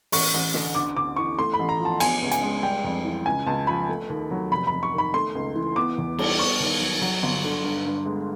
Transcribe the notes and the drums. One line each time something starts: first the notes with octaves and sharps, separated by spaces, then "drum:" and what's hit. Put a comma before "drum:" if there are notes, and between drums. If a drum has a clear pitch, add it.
A1 C#6, drum: open hi-hat
A1
D3, drum: snare
D2 D6
D2 D6
E3 C#6
A3 C6
B5
A1
A#5
F3
A5
B3 G#5, drum: cymbal
C#2
G#5, drum: hi-hat
G#3
G3 G5
F2
E3
C#2 G#5
C#2 A5
F3 B5
A3
D#2
F#3
F1 B5
B5
F1
C#6
D#3 B5
A3 C6
C#2
E3
B3 D6
E2
G3, drum: cymbal
B3 C#6
D#2
F#3
F#3
G1
D3
G2
G2
G#3